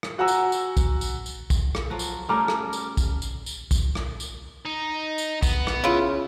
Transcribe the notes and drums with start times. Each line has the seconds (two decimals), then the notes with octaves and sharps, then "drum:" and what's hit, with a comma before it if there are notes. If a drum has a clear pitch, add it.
0.03 drum: rim click
0.18 F#4 F#5 G#5 A#5 E6
0.28 drum: tambourine
0.52 drum: tambourine
0.77 drum: kick, tambourine
1.01 drum: tambourine
1.26 drum: tambourine
1.50 drum: kick, tambourine
1.75 drum: rim click
1.90 F3 F#3 F#4
1.99 drum: tambourine
2.29 G3 A3 C#4 A#5 D6 F6
2.48 drum: rim click
2.73 drum: tambourine
2.97 drum: kick, tambourine
3.22 drum: tambourine
3.46 drum: tambourine
3.71 drum: kick, tambourine
3.95 drum: rim click
4.20 drum: tambourine
4.65 D#4
5.18 drum: tambourine
5.43 B3, drum: kick, tambourine
5.67 drum: rim click
5.84 C#3 E4 F4